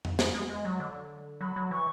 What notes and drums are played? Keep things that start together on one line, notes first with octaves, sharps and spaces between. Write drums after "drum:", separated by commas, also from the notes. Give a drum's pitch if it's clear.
drum: tom F2
G#3, drum: snare
G#3
G#3
F#3
D3
F#3 B5
F#3
E3 C#6